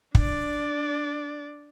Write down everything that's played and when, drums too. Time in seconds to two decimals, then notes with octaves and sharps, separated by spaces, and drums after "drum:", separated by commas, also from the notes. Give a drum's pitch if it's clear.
0.15 D4 D5, drum: kick